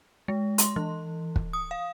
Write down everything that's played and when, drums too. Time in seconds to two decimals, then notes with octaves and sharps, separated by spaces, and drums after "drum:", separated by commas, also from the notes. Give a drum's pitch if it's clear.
0.28 G#3
0.58 C6, drum: hi-hat
0.76 E3
1.36 drum: kick
1.53 D#6
1.71 F5